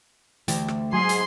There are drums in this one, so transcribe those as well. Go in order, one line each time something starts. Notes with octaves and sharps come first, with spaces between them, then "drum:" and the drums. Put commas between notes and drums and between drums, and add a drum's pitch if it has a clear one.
D2 E3 G4, drum: hi-hat
drum: rim click
G#2 F#3 G#4 C6
drum: hi-hat